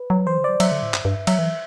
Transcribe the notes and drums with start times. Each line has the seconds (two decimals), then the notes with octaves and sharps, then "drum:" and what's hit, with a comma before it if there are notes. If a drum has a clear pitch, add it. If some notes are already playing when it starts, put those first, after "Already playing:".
Already playing: B4
0.10 F#3
0.27 E3 C5
0.38 D3
0.44 F#3 D5
0.60 F#3 E5, drum: cymbal
0.72 D3
0.82 A2
0.94 G2, drum: clap
1.05 G2
1.27 F#3 E5, drum: cymbal
1.39 E3